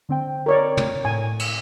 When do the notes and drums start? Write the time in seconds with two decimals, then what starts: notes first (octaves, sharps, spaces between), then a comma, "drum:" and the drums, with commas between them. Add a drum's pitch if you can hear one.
0.09 D3 C4 G5
0.46 A#4 C#5 D5
0.77 drum: tom
1.05 A2 G#5
1.39 drum: cymbal